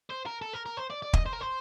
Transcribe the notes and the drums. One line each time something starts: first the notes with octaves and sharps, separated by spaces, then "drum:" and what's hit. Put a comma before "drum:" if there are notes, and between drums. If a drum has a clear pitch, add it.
C5
A#4
A4
A#4
A#4
C5
D5
D5
D#5, drum: kick
C5
A#4
C5